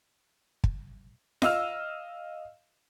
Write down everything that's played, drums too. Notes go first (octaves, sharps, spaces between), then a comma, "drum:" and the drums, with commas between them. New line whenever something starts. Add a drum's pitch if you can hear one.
drum: kick
D#5 F5 E6 F6, drum: snare